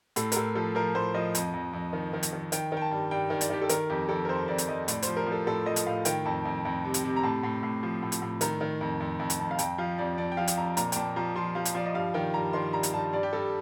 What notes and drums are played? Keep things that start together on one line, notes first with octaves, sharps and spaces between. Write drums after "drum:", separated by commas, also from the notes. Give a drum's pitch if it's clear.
A2 A4, drum: hi-hat
A#4, drum: hi-hat
A2 A4
F3 A4
F3 A#4
A2 C5
F3 D#5
F2, drum: hi-hat
F2
F2
D#3
D#3
drum: hi-hat
D#3
D#3 G5, drum: hi-hat
D#3
G5
A5
G2
G2 G5
D#3
D5, drum: hi-hat
D#3 G4
A4
D#3 A#4, drum: hi-hat
F2 G4
F2 A4
A#4
F2 C5
F2 D5
drum: hi-hat
F2 D#5
A2 D5, drum: hi-hat
F3 C5, drum: hi-hat
A#4
F3
A4
A2 A4
F3 D#5
drum: hi-hat
A2 F5
D#3 G5, drum: hi-hat
F2 A5
F2
F2
C3
drum: hi-hat
C3
A#5
A2 A5
A2
A2
F3
A2
drum: hi-hat
A2
D#3 A#5, drum: hi-hat
D#3
F2
F2
F2
drum: hi-hat
F2 A5
F5
F2 G5, drum: hi-hat
F3 F5
F2 D5
F2 D5
G5
F3 F5
drum: hi-hat
F2 A#5
A#2 A#5, drum: hi-hat
G5, drum: hi-hat
A#2 A5
F3 A#5
F3 C6
F3 F5
drum: hi-hat
F3 D5
D#5
G2 F5
D#3 G5
G2 A#5
D#3 C6
G2 A#5
drum: hi-hat
G2 A5
G2 D5
G4
G2 A4